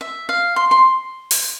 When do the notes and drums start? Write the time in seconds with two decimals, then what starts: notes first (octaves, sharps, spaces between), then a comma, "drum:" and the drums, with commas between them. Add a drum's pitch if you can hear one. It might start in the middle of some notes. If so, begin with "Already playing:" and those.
0.01 E5
0.29 F5
0.56 C6
0.71 C6
1.31 drum: open hi-hat